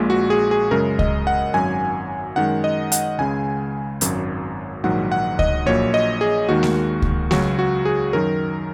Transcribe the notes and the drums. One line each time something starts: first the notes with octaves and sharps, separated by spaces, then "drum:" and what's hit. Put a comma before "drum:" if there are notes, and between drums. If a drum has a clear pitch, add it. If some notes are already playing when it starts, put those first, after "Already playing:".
Already playing: A#1 A#2 G#3
F#4
G#4
G#4
F#2 C#3 G#3 A#4
D#5, drum: kick C#2
F#5
G#1 F#2 F#3 G#5
F#2 D#3 G#3 F#5
D#5
F#5, drum: hi-hat
C#2 C#3 G#3 G#5
G#1 F#2 F#3, drum: hi-hat
A#1 G#2 D#3 F#3 F#5
F#5
D#5, drum: kick C#2
A#1 A#2 F#3 C#5
D#5
G#4
D#2 D#3 G#3 F#4
drum: snare A3
drum: kick C#2
C#2 C#3 F#3 F#4, drum: snare A3
F#4
G#4
F#2 D#3 F#3 A#4